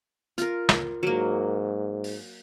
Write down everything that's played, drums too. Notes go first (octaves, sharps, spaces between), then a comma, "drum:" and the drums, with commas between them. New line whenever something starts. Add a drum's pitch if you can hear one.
F4 A#4, drum: hi-hat
drum: snare
G#2 F#3 A#3
drum: open hi-hat